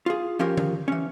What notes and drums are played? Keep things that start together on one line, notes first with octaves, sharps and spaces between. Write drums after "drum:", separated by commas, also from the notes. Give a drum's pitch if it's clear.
F4 G#4
F3 C#4 F4 G4 A#4
drum: tom D#3
E3 C#4